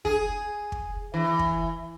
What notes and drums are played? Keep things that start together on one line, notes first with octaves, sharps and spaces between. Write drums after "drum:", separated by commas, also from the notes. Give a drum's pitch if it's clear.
G#4, drum: kick
drum: kick
E3
drum: kick